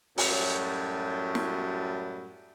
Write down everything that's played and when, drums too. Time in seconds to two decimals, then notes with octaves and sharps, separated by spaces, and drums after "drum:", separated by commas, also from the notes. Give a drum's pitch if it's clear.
0.18 F#2 A2 F#3 G3, drum: open hi-hat
1.35 drum: snare